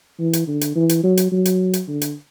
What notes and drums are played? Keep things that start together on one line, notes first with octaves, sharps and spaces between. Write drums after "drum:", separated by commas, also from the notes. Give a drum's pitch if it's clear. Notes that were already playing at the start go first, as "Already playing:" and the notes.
E3
drum: hi-hat
D3
drum: hi-hat
E3
drum: hi-hat
F#3
drum: hi-hat
F#3
drum: hi-hat
drum: hi-hat
D3
drum: hi-hat